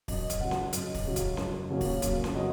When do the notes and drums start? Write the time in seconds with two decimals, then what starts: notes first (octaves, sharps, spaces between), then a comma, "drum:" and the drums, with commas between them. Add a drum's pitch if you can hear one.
0.08 F#2 D#5, drum: kick, open hi-hat
0.30 drum: kick, hi-hat
0.40 C#3 F#3 F#5
0.51 drum: snare C#4
0.73 F#2 D#5, drum: hi-hat
0.94 drum: kick, open hi-hat
1.05 C#3 F#3
1.16 drum: kick, hi-hat
1.37 F#2, drum: snare C#4
1.70 C#3 F#3 A#3 C#4
1.81 drum: kick, open hi-hat
2.02 F#2, drum: kick, hi-hat
2.24 drum: snare C#4
2.35 C#3 F#3 A#3 C#4 D#5